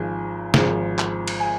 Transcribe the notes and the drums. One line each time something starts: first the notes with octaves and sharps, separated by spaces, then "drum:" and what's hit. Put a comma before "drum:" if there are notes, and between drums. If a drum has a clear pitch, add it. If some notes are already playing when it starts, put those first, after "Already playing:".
Already playing: G#1 G#2 F3 G#5
G#1 G#2 F3, drum: snare
drum: clap
drum: cymbal
G#5